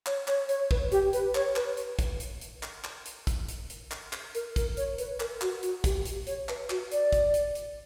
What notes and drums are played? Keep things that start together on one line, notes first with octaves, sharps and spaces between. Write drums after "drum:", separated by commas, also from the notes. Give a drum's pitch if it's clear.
C#5, drum: clap
C#5, drum: clap
C#5, drum: hi-hat
B4, drum: kick
G4, drum: hi-hat
B4, drum: hi-hat
C#5, drum: clap
B4, drum: clap
drum: hi-hat
drum: kick, hi-hat
drum: hi-hat
drum: hi-hat
drum: clap
drum: clap
drum: hi-hat
drum: kick, hi-hat
drum: hi-hat
drum: hi-hat
drum: clap
drum: clap
A#4, drum: hi-hat
A#4, drum: kick, hi-hat
C#5, drum: hi-hat
B4, drum: hi-hat
A#4, drum: clap
F#4, drum: clap
F#4, drum: hi-hat
G4, drum: kick, hi-hat
drum: hi-hat
C#5, drum: hi-hat
B4, drum: clap
F#4, drum: clap
D5, drum: hi-hat
drum: kick, hi-hat
drum: hi-hat
drum: hi-hat